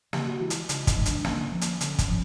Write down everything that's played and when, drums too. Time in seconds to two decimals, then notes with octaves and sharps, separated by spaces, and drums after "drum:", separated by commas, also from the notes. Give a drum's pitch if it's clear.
0.13 C#3 G4, drum: snare
0.27 F#4
0.40 E3 G#3 E4
0.50 drum: hi-hat
0.69 C#3 D#4, drum: hi-hat
0.87 D#4, drum: kick, hi-hat
0.96 E3 G#3
1.06 D4, drum: hi-hat
1.24 D3 C#4, drum: snare
1.52 F3 A#3
1.61 drum: hi-hat
1.81 D3, drum: hi-hat
1.99 drum: kick, hi-hat
2.08 F3